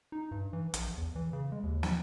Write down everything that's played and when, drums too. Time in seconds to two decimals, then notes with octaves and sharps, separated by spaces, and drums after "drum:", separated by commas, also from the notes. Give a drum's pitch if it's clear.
0.12 D#4
0.31 G2
0.53 E3
0.74 A#1, drum: hi-hat
0.98 E2
1.16 E3
1.33 C#3
1.52 G#3
1.63 D#2
1.83 F3, drum: snare